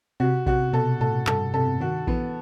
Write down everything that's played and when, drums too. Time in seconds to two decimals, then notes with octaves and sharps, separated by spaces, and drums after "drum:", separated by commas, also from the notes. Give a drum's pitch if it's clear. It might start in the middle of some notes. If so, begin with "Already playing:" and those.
0.20 C3 F#4
0.47 C3 F#4, drum: kick A#1
0.73 B2 A4
1.00 A2 A4
1.27 G2 A4, drum: clap
1.54 C3 A4
1.81 D#3 F#4
2.07 E3 B3, drum: kick A#1